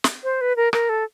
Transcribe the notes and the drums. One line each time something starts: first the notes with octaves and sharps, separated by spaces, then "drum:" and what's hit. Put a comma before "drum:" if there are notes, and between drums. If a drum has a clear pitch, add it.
drum: snare
C5
B4
A#4
A#4, drum: rim click
A4